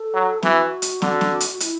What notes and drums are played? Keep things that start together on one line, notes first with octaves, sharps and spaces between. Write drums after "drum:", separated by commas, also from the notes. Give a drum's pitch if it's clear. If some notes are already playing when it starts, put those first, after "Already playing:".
Already playing: A4
F#3
E3 F#4, drum: snare
drum: hi-hat
D3, drum: snare
drum: snare
drum: hi-hat
E4, drum: hi-hat